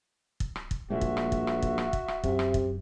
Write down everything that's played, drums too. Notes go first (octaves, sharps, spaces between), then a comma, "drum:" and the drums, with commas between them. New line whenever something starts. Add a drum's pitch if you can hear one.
drum: kick
drum: rim click
drum: kick
A#1 A#2 G3 G#3 F#4 E5
drum: kick
drum: rim click
drum: kick
drum: rim click
drum: kick
drum: rim click
drum: kick
drum: rim click
F#2 C3, drum: kick
drum: rim click
drum: kick